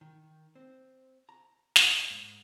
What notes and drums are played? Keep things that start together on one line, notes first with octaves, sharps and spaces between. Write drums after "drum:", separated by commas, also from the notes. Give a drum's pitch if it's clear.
D#3
C4
A#5
drum: snare
G#2